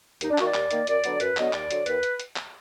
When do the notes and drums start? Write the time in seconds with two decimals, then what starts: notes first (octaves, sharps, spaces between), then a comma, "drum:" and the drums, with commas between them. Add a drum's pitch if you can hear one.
0.21 D#2 D#4, drum: hi-hat
0.30 D4
0.38 D#3 A#3 F#4, drum: clap
0.46 D5
0.54 D#2, drum: clap
0.71 D#3 A#3, drum: hi-hat
0.87 F#2 D5, drum: hi-hat
1.04 D3 F#3 B3, drum: hi-hat
1.20 F#2 B4, drum: hi-hat
1.37 D3 F#3 B3 D#5, drum: clap
1.53 D#2 D5, drum: clap
1.71 D3 F#3, drum: hi-hat
1.86 D#2 B4, drum: hi-hat
2.03 drum: hi-hat
2.20 drum: hi-hat
2.36 drum: clap